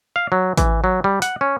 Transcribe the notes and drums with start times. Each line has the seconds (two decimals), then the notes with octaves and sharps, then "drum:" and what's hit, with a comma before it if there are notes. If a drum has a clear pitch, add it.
0.16 F5
0.32 F#3
0.57 E3, drum: kick, hi-hat
0.84 F#3
1.04 G3
1.22 F#5, drum: hi-hat
1.41 C#4